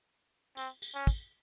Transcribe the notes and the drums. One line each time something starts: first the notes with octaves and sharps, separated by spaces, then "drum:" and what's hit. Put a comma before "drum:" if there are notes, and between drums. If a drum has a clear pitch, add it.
C4, drum: tambourine
drum: tambourine
C#4
drum: kick, tambourine